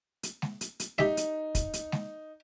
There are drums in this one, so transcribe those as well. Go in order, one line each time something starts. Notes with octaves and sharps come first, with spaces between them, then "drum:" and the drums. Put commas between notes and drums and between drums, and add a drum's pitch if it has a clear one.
drum: hi-hat
drum: snare G#3
drum: hi-hat
drum: hi-hat
D#4 G4 E5, drum: snare G#3
drum: hi-hat
drum: kick, hi-hat
drum: hi-hat
drum: snare G#3